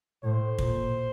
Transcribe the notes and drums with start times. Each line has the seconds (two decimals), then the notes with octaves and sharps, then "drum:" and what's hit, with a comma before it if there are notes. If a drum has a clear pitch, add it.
0.23 A2 C5
0.59 A#2, drum: kick